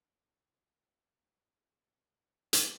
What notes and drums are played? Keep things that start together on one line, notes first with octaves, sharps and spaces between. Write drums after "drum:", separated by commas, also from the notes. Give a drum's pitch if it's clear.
A4 C5 D5 E5 F5
G#2 D3 G#3 D#4
drum: hi-hat